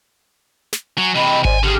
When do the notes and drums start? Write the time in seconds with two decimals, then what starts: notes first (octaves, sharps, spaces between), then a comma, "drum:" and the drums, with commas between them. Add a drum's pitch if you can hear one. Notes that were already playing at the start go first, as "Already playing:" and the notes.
0.73 drum: snare
0.98 F#3 G#5
1.15 C3 E3 D#5 G5 B5
1.45 C5 D5 D#5 G#5, drum: kick G#1
1.63 D3 G4 G#4 F6